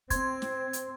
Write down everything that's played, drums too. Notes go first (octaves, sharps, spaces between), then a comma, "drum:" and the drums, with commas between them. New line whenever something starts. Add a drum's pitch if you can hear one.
C4 C6 G#6, drum: kick, hi-hat
drum: snare
drum: hi-hat